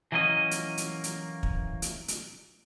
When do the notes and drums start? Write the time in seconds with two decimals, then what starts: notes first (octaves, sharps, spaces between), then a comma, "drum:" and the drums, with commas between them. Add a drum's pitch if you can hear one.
0.12 E3 F#3 A#3 C#4 D#5
0.51 drum: hi-hat
0.77 drum: hi-hat
1.04 drum: hi-hat
1.43 drum: kick
1.82 drum: hi-hat
2.08 drum: hi-hat